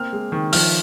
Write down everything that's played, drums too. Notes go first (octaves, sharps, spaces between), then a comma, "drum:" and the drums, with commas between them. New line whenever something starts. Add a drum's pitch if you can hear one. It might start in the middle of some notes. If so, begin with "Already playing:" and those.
Already playing: A#3 C4 F6
G#3
D#3
F3 F6, drum: open hi-hat